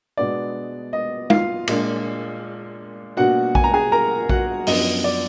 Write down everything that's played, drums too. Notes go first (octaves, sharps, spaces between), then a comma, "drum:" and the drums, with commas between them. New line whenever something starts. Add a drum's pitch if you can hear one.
B2 G#3 B3 D4 D5
D#5
F4 F5, drum: tom
A#2 G#3 D4, drum: cymbal
B2 A#3 D4 F#4 F#5
G#5, drum: kick A#1
A#5
G#4 G#5
A#4 A#5
F#4 F#5, drum: kick A#1
F#2 F3 B3 D4 D#5, drum: open hi-hat
D5